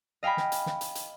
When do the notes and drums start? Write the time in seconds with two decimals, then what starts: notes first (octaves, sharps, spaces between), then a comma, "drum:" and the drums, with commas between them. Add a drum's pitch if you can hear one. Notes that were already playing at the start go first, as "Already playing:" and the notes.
0.23 D#5 F5 G5 G#5 B5
0.37 drum: snare
0.52 drum: hi-hat
0.66 drum: snare
0.81 drum: hi-hat
0.95 drum: hi-hat